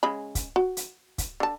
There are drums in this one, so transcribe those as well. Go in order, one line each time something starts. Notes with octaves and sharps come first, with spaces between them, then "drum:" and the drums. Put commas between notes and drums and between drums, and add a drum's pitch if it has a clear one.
C#3 G#3 B5
drum: kick, hi-hat
F#4
drum: hi-hat
drum: kick, hi-hat
D3 A5